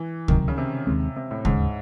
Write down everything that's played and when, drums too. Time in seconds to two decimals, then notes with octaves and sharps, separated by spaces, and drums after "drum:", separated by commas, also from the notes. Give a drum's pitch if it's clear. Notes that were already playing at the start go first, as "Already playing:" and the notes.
Already playing: E3
0.28 C#2 C3 D#3 F#3, drum: kick D2
0.48 C#3
0.58 C3
0.87 D#2 D#3 G#3 C4
1.16 C3
1.31 A2
1.45 D#2 G#2 C#3 G#3 C#4, drum: kick D2